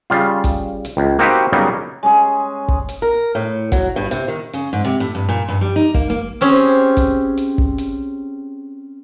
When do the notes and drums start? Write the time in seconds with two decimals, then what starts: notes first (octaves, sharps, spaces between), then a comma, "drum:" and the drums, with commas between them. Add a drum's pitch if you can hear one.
0.10 C#3 G3 F4
0.44 drum: kick, hi-hat
0.85 drum: hi-hat
0.97 C#2
1.19 A#3 C4 D#4 F#4 G4 B4
1.53 C#3 F#3 G3 A#3 B3 D#4
2.03 G#3 C#4 G#4
2.68 drum: kick
2.89 drum: hi-hat
3.02 A#4
3.35 A2
3.72 F#3, drum: kick, hi-hat
3.96 G2
4.11 C3, drum: hi-hat
4.28 D#3
4.54 C#3, drum: hi-hat
4.73 G#2
4.85 C3
5.00 A2
5.15 G2
5.29 A#2
5.49 G2
5.61 G3
5.76 D#4
5.94 A#3, drum: kick
6.10 A#3
6.41 C4 C#4 G4 G#4
6.56 drum: hi-hat
6.97 drum: kick, hi-hat
7.38 drum: hi-hat
7.58 drum: kick
7.78 drum: hi-hat